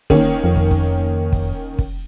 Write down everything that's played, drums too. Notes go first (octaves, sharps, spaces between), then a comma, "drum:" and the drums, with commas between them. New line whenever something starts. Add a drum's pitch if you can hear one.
D#3 A#3 C#4, drum: kick
F2
drum: kick
drum: kick
drum: kick
drum: kick